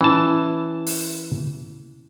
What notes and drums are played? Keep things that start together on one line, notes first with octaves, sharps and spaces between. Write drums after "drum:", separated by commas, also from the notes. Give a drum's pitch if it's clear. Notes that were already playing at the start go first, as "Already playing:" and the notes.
E3 C#4 E4 A5
drum: open hi-hat